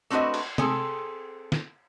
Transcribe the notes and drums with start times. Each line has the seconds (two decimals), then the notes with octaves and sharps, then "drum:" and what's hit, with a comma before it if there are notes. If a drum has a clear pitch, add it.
0.10 A3 C4 D4 F#4 B4 D#5
0.34 drum: cymbal
0.58 C4 G#4 A4 G#5, drum: tom C3
1.52 drum: snare